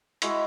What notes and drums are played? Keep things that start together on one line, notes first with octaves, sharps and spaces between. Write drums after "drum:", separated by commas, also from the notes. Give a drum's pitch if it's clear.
G#3 E4 F#4, drum: hi-hat